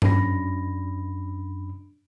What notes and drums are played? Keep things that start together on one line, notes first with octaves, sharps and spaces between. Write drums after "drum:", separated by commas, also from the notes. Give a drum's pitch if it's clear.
F#2 D4 B5 A#6, drum: tom G2